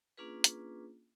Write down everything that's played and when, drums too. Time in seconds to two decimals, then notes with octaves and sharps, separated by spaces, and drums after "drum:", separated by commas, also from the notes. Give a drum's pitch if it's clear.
0.18 A#3 C#4 D4 F4 G#4 B4
0.44 drum: hi-hat